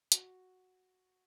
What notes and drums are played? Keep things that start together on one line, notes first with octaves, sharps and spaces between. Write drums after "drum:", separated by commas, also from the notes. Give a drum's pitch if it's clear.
F#4, drum: hi-hat